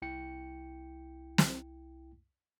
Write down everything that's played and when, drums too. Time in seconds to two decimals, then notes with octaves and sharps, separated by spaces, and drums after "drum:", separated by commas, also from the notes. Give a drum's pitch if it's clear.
0.02 C2 E4 G5 C#7
1.38 drum: snare